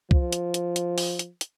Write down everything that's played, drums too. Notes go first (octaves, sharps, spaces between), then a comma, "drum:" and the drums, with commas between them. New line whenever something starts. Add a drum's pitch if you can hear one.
F3, drum: kick
drum: hi-hat
drum: hi-hat
drum: hi-hat
drum: open hi-hat
drum: hi-hat
drum: hi-hat